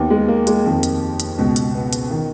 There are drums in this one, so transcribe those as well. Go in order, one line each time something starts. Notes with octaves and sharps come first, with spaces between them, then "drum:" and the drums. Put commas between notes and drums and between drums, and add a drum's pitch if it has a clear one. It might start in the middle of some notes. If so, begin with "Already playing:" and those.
Already playing: D#2 D#3 B3
G#3
A#3
G#3, drum: hi-hat
F2 D#3
drum: hi-hat
drum: hi-hat
C#2 B2
drum: hi-hat
B3
drum: hi-hat
D#3